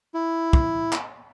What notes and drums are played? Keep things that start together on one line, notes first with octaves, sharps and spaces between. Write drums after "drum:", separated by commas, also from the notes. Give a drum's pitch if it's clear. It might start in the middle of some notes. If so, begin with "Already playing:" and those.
E4
drum: kick
drum: clap